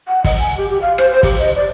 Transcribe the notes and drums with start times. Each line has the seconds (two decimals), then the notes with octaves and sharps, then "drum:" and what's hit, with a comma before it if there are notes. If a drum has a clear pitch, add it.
0.08 F#5
0.24 D#5, drum: kick, open hi-hat
0.39 G#5
0.57 G4
0.70 G4
0.82 F5
0.98 C5, drum: rim click
1.10 C5
1.23 G4, drum: kick, open hi-hat
1.39 D#5
1.56 D5